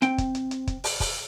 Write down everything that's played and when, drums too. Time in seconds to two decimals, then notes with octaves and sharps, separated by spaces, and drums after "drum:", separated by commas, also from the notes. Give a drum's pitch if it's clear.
0.02 C4 G5, drum: hi-hat
0.18 drum: kick, hi-hat
0.35 drum: hi-hat
0.51 drum: hi-hat
0.67 drum: kick, hi-hat
0.84 drum: open hi-hat
1.00 drum: kick, open hi-hat